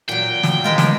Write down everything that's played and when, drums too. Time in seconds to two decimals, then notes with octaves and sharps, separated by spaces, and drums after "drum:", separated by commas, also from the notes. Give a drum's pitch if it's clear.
0.09 A#2 F#3 G5
0.43 drum: snare
0.64 G#3 F4 A#4 B4
0.78 drum: snare